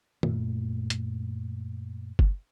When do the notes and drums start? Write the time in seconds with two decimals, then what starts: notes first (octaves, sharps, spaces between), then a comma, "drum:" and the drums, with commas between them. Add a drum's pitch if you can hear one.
0.23 F#2 A#2 A3, drum: tom
0.90 drum: hi-hat
2.19 drum: kick F#1